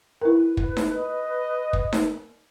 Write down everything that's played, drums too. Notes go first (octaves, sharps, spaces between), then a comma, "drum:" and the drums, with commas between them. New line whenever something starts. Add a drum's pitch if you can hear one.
E4 A#4 B4
drum: kick
drum: snare D#4
D#5
drum: kick
drum: snare D#4